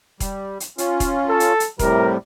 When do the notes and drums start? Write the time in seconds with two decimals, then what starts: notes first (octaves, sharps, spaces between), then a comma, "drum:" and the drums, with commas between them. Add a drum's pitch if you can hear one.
0.20 G3, drum: kick E1, hi-hat
0.60 drum: hi-hat
0.78 C#4 F4, drum: hi-hat
1.00 drum: kick E1, hi-hat
1.29 A4
1.40 drum: hi-hat
1.60 drum: hi-hat
1.79 A2 C3 G3 A#4, drum: kick E1, hi-hat